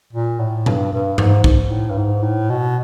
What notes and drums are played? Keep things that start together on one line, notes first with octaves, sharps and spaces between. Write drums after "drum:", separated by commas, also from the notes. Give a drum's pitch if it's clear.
A#2
A2
G2, drum: tom A#2
G2
G#2, drum: tom G2
G#2, drum: kick
A2
G2
G#2
A2
B2